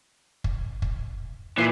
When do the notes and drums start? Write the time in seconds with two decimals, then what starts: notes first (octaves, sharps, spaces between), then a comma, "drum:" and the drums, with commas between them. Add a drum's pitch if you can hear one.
0.44 drum: kick
0.82 drum: kick
1.58 A#2 E3 B4 C7